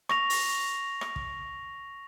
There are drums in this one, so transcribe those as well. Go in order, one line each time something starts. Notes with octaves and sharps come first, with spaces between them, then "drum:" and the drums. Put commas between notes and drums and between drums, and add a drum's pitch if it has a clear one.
C#6 A#6 F7, drum: rim click
drum: open hi-hat
drum: rim click
drum: kick